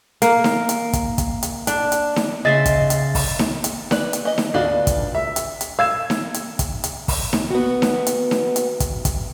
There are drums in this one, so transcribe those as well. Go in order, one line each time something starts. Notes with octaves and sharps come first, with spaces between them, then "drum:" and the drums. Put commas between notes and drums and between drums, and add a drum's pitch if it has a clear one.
A#3, drum: hi-hat
drum: snare D#4
drum: hi-hat
drum: kick, hi-hat
drum: kick, hi-hat
drum: hi-hat
D4, drum: hi-hat
drum: hi-hat
drum: snare D#4
C#3 D#5 E5 C6 A6
drum: kick, hi-hat
drum: hi-hat
drum: kick, open hi-hat
drum: snare D#4
drum: hi-hat
B4 D5, drum: snare D#4
drum: hi-hat
E3 D#5
drum: snare D#4
D2 B3 D4 F4 F#4 D5
drum: kick, hi-hat
E5
drum: hi-hat
drum: hi-hat
F5 E6 G#6 E7
drum: snare D#4
drum: hi-hat
drum: kick, hi-hat
drum: hi-hat
drum: kick, open hi-hat
drum: snare D#4
B3 F#4
drum: snare D#4
drum: hi-hat
drum: snare D#4
drum: hi-hat
drum: kick, hi-hat
drum: kick, hi-hat